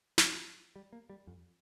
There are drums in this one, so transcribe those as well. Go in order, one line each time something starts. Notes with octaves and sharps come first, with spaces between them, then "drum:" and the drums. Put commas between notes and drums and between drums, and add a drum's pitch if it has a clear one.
drum: snare
G3
A#3
G3
F2